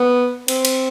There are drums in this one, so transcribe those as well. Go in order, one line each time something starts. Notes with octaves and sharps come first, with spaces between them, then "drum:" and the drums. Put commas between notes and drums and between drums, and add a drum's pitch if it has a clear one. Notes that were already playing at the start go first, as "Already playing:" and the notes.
Already playing: B3
C4, drum: cymbal
drum: cymbal